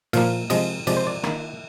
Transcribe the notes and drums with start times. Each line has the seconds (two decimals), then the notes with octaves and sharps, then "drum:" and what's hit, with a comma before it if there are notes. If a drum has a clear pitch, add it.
0.13 A#2 F3 A#3 F5, drum: cymbal
0.50 C3 F3 G#3 D#5, drum: cymbal
0.87 C3 F3 G#3 D5, drum: cymbal
0.97 C5
1.07 D5
1.24 D#3 A#3, drum: rim click